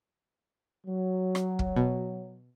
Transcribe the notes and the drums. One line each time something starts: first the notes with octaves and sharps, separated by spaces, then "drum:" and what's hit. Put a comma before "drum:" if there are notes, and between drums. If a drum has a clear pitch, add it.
F#3
drum: rim click
drum: kick
B2